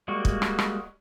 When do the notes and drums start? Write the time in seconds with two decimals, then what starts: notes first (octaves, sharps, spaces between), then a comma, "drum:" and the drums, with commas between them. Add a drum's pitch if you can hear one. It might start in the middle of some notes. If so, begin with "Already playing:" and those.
0.08 G3 G#3 A#3 F#4
0.25 drum: kick
0.42 drum: rim click
0.59 drum: rim click